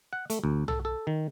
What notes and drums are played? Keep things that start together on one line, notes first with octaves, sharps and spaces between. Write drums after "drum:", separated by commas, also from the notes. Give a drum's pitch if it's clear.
F#5
A3, drum: hi-hat
D2
A4, drum: tom
A4
D#3